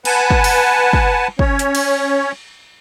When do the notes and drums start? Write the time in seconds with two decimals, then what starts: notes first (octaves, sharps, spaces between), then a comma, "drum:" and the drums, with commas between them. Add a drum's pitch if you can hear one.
0.05 B4 F#5 G#5 A5, drum: cymbal
0.30 drum: kick
0.44 drum: cymbal
0.93 drum: kick
1.39 C#4 C#5, drum: kick
1.59 drum: hi-hat
1.75 drum: cymbal